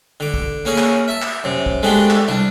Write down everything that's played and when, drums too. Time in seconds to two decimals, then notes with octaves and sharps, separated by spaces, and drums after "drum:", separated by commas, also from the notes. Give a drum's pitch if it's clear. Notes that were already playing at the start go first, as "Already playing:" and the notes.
0.20 D3 D6
0.34 drum: kick
0.65 A#3 C#4 G#4 A#4
0.78 drum: clap
1.08 E5 A5
1.22 drum: clap
1.44 F#2 C3
1.66 drum: kick
1.83 G#3 A3 B3 C4 D4 G4
2.10 drum: clap
2.28 C2 D4